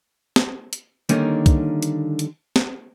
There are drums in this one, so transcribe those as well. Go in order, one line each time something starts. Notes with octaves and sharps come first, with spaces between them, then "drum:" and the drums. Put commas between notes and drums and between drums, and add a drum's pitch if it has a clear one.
drum: snare
drum: hi-hat
D3 D#3 G3 A#3 C#4 D#4, drum: hi-hat
drum: kick, hi-hat
drum: hi-hat
drum: hi-hat
drum: snare